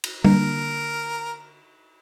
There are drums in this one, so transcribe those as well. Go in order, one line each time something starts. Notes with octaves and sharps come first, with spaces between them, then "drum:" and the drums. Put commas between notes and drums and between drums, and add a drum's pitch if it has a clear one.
drum: cymbal
D3 A#3 D4 A#4, drum: tom